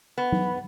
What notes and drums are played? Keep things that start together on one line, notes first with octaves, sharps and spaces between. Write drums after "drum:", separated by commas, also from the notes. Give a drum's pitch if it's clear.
B3
drum: tom F#3